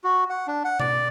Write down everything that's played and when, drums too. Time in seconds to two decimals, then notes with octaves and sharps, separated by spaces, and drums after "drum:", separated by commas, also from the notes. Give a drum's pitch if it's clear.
0.04 F#4
0.30 F#5
0.47 D4
0.65 F#5
0.80 D5, drum: tom B2